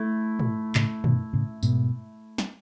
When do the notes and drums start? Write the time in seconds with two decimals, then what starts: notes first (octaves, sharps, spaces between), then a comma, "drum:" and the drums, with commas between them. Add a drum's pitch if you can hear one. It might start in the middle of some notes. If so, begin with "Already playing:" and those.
Already playing: A3 E4
0.39 drum: tom
0.75 A2 C#3, drum: clap
1.04 B2 D#3, drum: tom
1.33 A2 C#3
1.63 G#2 B2, drum: tambourine
2.38 drum: snare